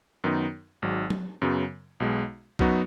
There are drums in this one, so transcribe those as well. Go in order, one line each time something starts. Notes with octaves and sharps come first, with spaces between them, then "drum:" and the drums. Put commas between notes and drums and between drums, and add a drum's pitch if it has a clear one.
F#2 D#3 B3 D#4
G#1 G#2 F#3
drum: tom F#3
F#2 C#3 F#3 B3
B1 B2 G#3
F#2 F#3 B3 D#4 F#4, drum: kick B1